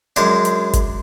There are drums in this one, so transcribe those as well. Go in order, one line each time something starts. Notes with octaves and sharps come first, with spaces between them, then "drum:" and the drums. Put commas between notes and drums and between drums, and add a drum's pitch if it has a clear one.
F#2 G#3 D4, drum: hi-hat
drum: hi-hat
drum: kick, hi-hat